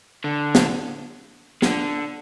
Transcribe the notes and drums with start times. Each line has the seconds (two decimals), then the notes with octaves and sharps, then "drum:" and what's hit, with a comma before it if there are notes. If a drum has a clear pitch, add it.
0.24 D3
0.55 drum: snare
1.62 D3, drum: snare